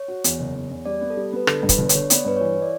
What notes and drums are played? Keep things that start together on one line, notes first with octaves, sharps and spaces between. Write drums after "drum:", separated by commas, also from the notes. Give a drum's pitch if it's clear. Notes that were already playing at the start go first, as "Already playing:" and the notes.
Already playing: C#5
F#4
E2, drum: hi-hat
F#1
E2
E2
G3 D5
B3
A4
G3 G4
B3 B4
D3 A4, drum: rim click
G2
B4, drum: kick, hi-hat
G1
C#5, drum: hi-hat
D3
B3 D5, drum: hi-hat
C#5
G2 B4
E3 C#5
E4
D5